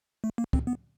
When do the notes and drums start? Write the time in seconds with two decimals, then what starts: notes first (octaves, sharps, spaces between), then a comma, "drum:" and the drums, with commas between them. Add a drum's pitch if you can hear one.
0.24 A3
0.38 A#3
0.53 C4, drum: kick
0.67 B3